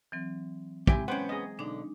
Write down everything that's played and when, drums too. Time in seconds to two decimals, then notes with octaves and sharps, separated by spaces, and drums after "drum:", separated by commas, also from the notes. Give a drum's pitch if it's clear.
0.12 E3 F#3 C4
0.87 G#3 C4 E4 G4 G5 G#5, drum: kick
1.08 B3 C#4 C5 F#5 G5
1.29 G#4 D#5
1.59 B1 D3 D4 D#4